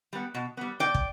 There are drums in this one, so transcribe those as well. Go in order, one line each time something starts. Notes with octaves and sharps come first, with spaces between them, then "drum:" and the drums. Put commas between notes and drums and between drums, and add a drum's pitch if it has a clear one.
G3 B3
B2
G3 B3
B2 D5 G5
drum: kick